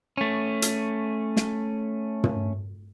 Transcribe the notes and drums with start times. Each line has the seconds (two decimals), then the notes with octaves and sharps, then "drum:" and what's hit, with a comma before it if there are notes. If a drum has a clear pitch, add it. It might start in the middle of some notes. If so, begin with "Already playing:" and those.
0.17 A3 C#4
0.62 drum: hi-hat
1.37 drum: snare
2.24 drum: tom